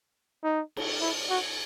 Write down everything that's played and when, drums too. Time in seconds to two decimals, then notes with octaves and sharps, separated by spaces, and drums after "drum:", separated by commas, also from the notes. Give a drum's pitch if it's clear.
0.44 D#4
0.77 drum: cymbal
1.01 E4
1.30 F#4